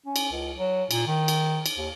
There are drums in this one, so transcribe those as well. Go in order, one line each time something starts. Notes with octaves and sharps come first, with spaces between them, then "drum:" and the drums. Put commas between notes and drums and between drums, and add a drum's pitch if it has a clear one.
C#4
drum: cymbal
C#2
F#3
A#2, drum: cymbal
D#3
drum: cymbal
drum: cymbal
D#2